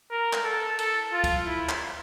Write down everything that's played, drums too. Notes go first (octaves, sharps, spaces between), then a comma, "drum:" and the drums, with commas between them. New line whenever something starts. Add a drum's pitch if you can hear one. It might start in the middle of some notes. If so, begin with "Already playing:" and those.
A#4
drum: clap
A4
A4, drum: cymbal
F4
drum: kick, cymbal
E4
drum: clap